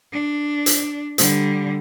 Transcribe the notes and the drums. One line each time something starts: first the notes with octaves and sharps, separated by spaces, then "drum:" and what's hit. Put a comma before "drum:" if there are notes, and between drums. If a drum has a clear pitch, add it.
D4
drum: hi-hat
D3 G3, drum: hi-hat